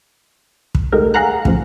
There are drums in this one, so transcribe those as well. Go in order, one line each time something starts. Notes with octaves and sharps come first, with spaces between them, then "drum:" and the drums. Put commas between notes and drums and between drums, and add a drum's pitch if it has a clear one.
drum: kick
G#3 A3 D#4 G4 A#4
G#4 A#4 F5 F#5 A#5 F#6
A2 C#3 F3, drum: kick